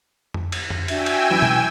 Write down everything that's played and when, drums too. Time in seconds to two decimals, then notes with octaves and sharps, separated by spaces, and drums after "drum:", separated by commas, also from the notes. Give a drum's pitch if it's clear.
0.34 drum: tom F2
0.52 drum: cymbal
0.70 drum: tom F2
0.88 D4 F#4 E5 G5 G#5 E6, drum: cymbal
1.06 drum: cymbal
1.30 F#2 E3
1.42 drum: tom B2